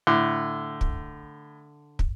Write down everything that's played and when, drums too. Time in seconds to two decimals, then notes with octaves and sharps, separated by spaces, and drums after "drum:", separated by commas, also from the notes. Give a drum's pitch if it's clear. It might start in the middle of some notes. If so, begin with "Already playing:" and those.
0.07 A2 D3
0.81 drum: kick
1.99 drum: kick